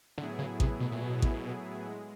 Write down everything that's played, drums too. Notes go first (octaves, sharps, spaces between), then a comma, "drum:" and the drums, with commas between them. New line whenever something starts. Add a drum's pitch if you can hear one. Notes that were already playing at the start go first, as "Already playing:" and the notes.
A2 D3 F#3 B3 E4 G#4
C#3
C3, drum: kick A1
B2
A#2
B2
drum: kick A1
G#3